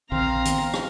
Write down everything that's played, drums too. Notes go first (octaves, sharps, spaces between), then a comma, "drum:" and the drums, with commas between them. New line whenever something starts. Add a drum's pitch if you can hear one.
A#1 D3 D#3 C4 F5 A#5
D#3 B3, drum: hi-hat
drum: rim click